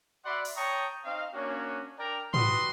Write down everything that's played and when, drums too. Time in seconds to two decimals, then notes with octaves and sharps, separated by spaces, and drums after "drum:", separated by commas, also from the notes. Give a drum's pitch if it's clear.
0.25 F#4 D5 E5 F#5 B5 C6
0.45 drum: open hi-hat
0.56 C#5 G5 A5 A#5 C#6 D#6
1.05 C4 D#4 D#5 F5
1.34 A#3 C#4 D4 F#4 C#5
1.98 D4 A#4 D5 G5 A#5
2.34 G3 F#4 B4 C6 D#6, drum: tom